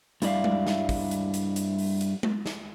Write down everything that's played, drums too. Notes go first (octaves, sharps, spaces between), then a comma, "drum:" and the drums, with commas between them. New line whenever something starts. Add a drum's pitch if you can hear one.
G2 G3 E4 D5 E5 F5, drum: hi-hat
drum: tom G#3
drum: snare
drum: kick, open hi-hat
drum: hi-hat
drum: hi-hat
drum: hi-hat
drum: open hi-hat
drum: hi-hat
drum: tom G#3
drum: snare